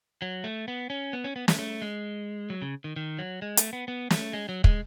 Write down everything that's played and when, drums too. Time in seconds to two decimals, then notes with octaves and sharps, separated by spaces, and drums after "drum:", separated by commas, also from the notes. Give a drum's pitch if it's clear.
0.22 F#3
0.44 A3
0.68 B3
0.90 C#4
1.13 B3
1.24 C#4
1.36 B3
1.48 A3, drum: snare
1.59 A3
1.82 G#3
2.50 F#3
2.62 C#3
2.84 D#3
2.96 D#3
3.19 F#3
3.42 G#3
3.57 A3, drum: hi-hat
3.73 B3
3.88 B3
4.11 A3, drum: snare
4.33 G#3
4.49 F#3
4.64 G#3, drum: kick